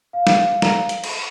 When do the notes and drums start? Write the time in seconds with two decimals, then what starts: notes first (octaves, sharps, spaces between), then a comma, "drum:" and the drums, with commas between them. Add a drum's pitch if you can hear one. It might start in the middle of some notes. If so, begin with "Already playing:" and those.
0.13 F5
0.27 drum: snare
0.62 A#5, drum: snare
0.89 drum: hi-hat
1.04 drum: cymbal